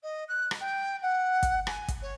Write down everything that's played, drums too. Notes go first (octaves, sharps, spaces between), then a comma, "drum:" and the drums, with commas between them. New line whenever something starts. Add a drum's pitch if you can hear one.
D#5
F#6
drum: rim click
G5
F#5
drum: kick, hi-hat
G#5, drum: rim click
drum: kick, hi-hat
C#5